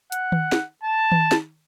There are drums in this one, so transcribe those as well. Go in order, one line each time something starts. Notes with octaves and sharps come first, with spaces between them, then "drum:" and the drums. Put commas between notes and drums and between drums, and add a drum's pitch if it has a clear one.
F#5, drum: hi-hat
drum: tom D#3
drum: snare
A5
drum: tom D#3
drum: snare